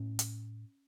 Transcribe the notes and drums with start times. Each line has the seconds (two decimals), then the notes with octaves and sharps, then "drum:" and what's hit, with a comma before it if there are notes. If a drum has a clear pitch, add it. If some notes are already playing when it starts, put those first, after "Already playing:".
Already playing: A2 C#4
0.19 drum: hi-hat